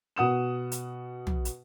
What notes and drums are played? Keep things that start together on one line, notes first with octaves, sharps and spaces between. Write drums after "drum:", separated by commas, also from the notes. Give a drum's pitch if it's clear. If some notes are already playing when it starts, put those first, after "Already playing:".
B2 F#5 D#6 E7
drum: hi-hat
drum: tom
drum: hi-hat